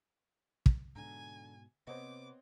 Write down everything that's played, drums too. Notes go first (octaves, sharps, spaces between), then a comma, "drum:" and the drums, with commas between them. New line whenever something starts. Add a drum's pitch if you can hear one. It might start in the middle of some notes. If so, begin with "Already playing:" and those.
drum: kick
G#2 B2 D3 G#5 A#5
C3 B3 C4 C5 C#5 D#5 D6